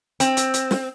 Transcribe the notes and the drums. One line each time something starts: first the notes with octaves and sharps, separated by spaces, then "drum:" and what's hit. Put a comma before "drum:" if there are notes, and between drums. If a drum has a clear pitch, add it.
C4, drum: hi-hat
drum: hi-hat
drum: hi-hat
drum: snare